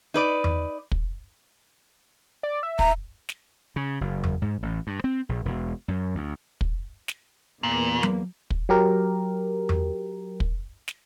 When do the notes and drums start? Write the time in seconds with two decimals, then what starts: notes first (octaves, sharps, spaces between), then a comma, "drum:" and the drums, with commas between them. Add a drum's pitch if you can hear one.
0.14 D#4 B4 D5
0.44 drum: tom E2
0.91 drum: kick
2.43 D5
2.63 E5
2.79 A#5, drum: kick
3.29 drum: snare
3.76 C#3
4.01 F#1
4.24 drum: tom E2
4.42 G#2
4.62 A1
4.87 G2
5.04 C4
5.29 A#1
5.45 E1
5.88 F#2
6.15 D2
6.61 drum: kick
7.08 drum: snare
7.63 E2 A#2 A#3
8.03 drum: tom F#3
8.50 drum: kick
8.69 F#3 G4 A#4
9.69 drum: tom E2
10.40 drum: kick
10.88 drum: snare